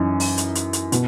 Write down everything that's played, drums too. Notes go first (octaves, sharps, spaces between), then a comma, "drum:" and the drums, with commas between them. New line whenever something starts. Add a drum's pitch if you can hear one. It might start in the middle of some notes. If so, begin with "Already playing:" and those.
Already playing: F#2 E3 D#4
drum: open hi-hat
drum: hi-hat
drum: hi-hat
drum: hi-hat
B2, drum: hi-hat